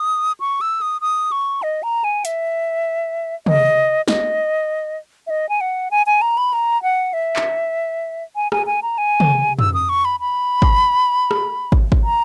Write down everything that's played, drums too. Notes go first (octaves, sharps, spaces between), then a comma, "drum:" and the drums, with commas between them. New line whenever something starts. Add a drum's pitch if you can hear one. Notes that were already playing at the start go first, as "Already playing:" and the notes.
Already playing: D#6
C#6
E6
D#6
D#6
C#6
D#5
A#5
G#5
E5, drum: hi-hat
D#5, drum: tom
D#5, drum: snare
E5
D#5
G#5
F#5
G#5
G#5
A#5
B5
A#5
F#5
E5
drum: clap
G#5
G#5, drum: rim click
G#5
A#5
G#5
drum: tom
E6, drum: tom
D#6
C#6
B5
B5
drum: kick
drum: rim click
drum: kick
drum: kick
A#5